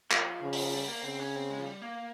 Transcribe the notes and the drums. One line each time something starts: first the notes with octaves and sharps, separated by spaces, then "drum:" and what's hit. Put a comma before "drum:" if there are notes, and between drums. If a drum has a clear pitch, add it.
F3, drum: clap
C#3
drum: open hi-hat
G3
A#3
C#3 C4
C#4
C4
G#3
F3
G3
A#3